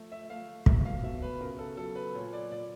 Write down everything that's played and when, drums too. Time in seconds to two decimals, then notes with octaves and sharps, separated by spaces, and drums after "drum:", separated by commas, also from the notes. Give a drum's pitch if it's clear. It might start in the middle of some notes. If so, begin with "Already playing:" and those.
Already playing: F3 A3
0.12 E5
0.29 A3 F5
0.66 B2 E5, drum: kick
0.85 F5
1.03 B2 E5
1.22 B4
1.41 C#3 A#4
1.59 A4
1.77 F#3 A4
1.96 B4
2.14 A#2 C#5
2.33 D5
2.51 A#2 D5